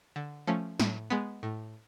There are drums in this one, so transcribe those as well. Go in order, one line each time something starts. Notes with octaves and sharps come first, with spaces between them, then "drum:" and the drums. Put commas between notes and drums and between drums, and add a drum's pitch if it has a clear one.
D3
F3 A3 C#4
A2, drum: snare
G#3 B3
A2